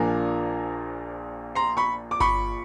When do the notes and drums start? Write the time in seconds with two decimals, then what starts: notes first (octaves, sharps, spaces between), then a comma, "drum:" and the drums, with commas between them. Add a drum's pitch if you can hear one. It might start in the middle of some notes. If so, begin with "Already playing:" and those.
Already playing: A#1 A#2 F3 A#3 D4 G#5 A#5
1.55 A#5 C6
1.77 B5 C#6
2.11 D6
2.20 B5 C#6, drum: kick G1